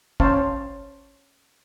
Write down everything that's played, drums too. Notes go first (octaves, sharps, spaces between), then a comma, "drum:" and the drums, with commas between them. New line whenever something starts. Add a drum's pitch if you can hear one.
C#4 C5 C#5 F5 A5, drum: kick